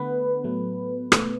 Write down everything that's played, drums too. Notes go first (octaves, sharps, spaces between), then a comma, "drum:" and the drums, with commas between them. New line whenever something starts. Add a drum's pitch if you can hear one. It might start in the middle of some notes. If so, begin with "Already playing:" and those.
Already playing: D3 A3 B3 B4
A2 F#3 A3
B2 A3, drum: rim click